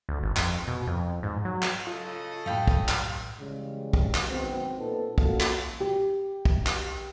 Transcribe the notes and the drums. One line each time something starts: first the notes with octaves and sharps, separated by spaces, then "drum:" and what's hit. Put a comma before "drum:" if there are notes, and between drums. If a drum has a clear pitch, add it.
D2
G#1
F2, drum: clap
B2
F2
G#2
F#3
drum: clap
C#3 F4 A4 D#5
F#2 A2 F5 G5 B5
drum: kick
drum: clap
C#3 E3 G3 G#3
drum: kick
drum: clap
G#1 F#2 B3 C4
A#2 B3 D#4 A4 B4
A#3 C#4 F4 F#4 A4, drum: kick
drum: clap
G4
drum: kick
drum: clap